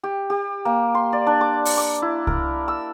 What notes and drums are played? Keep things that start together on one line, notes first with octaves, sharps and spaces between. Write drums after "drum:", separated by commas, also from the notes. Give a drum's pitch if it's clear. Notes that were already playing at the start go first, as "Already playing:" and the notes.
G4
G4
A#3
C6
D5
D4
D6
drum: open hi-hat
D6
E4
A#4, drum: kick C2
E6